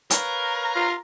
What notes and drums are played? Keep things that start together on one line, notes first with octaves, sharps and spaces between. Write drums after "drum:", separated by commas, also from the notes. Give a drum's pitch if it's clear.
A#4 B4 C#5 F5, drum: hi-hat
F4